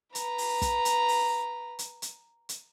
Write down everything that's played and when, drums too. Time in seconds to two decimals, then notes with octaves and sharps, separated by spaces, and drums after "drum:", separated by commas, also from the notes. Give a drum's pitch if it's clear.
0.15 B4 A#5, drum: hi-hat
0.38 drum: open hi-hat
0.62 drum: kick, hi-hat
0.85 drum: hi-hat
1.08 drum: open hi-hat
1.79 drum: hi-hat
2.02 drum: hi-hat
2.49 drum: hi-hat